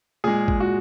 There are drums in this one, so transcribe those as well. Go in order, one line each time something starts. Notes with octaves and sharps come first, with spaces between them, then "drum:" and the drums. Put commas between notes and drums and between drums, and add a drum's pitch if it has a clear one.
A#2 G#3 G#4
drum: kick G#1
F#4